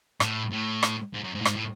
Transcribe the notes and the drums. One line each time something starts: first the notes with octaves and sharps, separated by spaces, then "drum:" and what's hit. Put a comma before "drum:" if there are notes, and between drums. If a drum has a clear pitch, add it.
A2, drum: rim click
A2
drum: rim click
G#2
F#2
G#2
A2
G#2, drum: rim click
A2